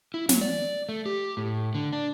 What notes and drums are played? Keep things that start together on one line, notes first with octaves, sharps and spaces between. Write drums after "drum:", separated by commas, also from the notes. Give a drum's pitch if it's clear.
E4
F#3, drum: snare
D5
A3
G4
A2
D3
D4